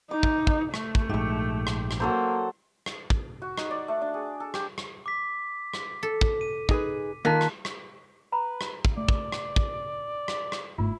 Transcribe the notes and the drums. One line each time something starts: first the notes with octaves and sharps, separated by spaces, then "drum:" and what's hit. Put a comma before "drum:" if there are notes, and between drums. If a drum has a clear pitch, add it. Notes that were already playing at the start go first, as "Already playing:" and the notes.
D#4 D6
drum: kick
drum: kick
A3, drum: rim click
drum: kick
A#1 G#2 G4 C#6
drum: rim click
drum: rim click
F#3 A#3 A4 C5
drum: rim click
drum: kick
F#4
D#4, drum: rim click
D5
A3
D4
G#4
A4
G4, drum: rim click
drum: rim click
D6 B6
drum: rim click
A4
drum: kick
D#7
D#4 G#4 B4, drum: kick
D#3 A#3 F4 A#4 A5 F#6 B6
drum: rim click
drum: rim click
B4 A#5 B5
drum: rim click
drum: kick
A3 D5
drum: kick
drum: rim click
drum: kick
drum: rim click
drum: rim click
G1 G#2 A3 E4 F4